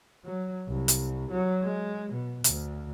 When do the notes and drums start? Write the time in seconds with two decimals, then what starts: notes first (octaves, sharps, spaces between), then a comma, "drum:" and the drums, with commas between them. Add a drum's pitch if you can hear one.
0.24 F#3
0.68 C2
0.88 drum: hi-hat
1.31 F#3
1.63 G#3
2.13 B2
2.44 D2, drum: hi-hat